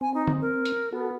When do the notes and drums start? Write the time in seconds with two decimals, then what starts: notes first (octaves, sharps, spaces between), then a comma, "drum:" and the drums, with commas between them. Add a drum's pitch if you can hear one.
0.01 C4 G#5
0.14 D#4
0.27 drum: tom D3
0.42 A#4
0.65 drum: hi-hat
0.92 B3 F#4 A4